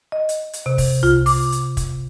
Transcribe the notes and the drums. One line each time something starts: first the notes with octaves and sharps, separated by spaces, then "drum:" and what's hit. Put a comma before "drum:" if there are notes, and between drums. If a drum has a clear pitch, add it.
D#5
drum: hi-hat
drum: hi-hat
C3
drum: kick, open hi-hat
F4, drum: tom C2
D6, drum: open hi-hat
drum: hi-hat
drum: kick, hi-hat